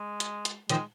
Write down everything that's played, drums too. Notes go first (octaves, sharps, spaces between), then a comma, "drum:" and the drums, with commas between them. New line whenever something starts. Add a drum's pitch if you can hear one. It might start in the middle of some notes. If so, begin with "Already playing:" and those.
Already playing: G#3
drum: hi-hat
drum: hi-hat
D#3 F3 G#3, drum: hi-hat